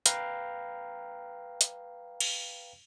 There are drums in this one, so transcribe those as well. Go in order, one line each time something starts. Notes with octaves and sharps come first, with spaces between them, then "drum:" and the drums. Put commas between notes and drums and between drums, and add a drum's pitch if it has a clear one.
B4 F5 G5 A#5, drum: hi-hat
drum: hi-hat
drum: cymbal